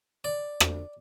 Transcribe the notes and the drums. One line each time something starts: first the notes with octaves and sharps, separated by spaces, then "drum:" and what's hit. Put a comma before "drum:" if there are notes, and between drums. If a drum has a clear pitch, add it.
D5
drum: rim click